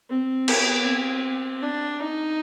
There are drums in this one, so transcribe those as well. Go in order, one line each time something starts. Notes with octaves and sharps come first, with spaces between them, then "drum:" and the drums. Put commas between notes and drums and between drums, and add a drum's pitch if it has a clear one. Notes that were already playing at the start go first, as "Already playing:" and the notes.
C4
B3, drum: cymbal
C4
D4
D#4